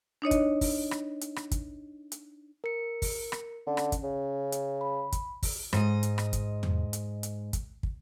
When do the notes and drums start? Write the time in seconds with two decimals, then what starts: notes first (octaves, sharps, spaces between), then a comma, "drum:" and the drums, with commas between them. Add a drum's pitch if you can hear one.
0.22 D4 D#4 C#5 D#5
0.31 drum: kick, hi-hat
0.61 drum: kick, open hi-hat
0.91 drum: rim click
1.21 drum: hi-hat
1.36 drum: rim click
1.51 drum: kick, hi-hat
2.12 drum: hi-hat
2.64 A#4 C#7
3.02 drum: kick, open hi-hat
3.32 drum: rim click
3.67 D3 C#4
3.77 drum: rim click
3.92 drum: kick, hi-hat
4.03 C#3
4.52 drum: hi-hat
4.81 B5
5.12 drum: kick, hi-hat
5.43 drum: kick, open hi-hat
5.73 G#2 D#5, drum: rim click
6.03 drum: hi-hat
6.18 drum: rim click
6.33 drum: kick, hi-hat
6.63 drum: tom E2
6.93 drum: hi-hat
7.23 drum: hi-hat
7.53 drum: kick, hi-hat
7.83 drum: kick